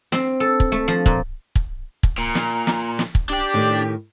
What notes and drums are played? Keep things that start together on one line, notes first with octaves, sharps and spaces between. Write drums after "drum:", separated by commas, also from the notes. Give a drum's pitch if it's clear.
C4, drum: snare
A4
drum: kick
A3
F3
A#2, drum: kick
drum: kick
drum: kick
A#2 A#5
drum: snare
drum: snare
drum: snare
drum: kick
D4 G4 D5
A2 D#3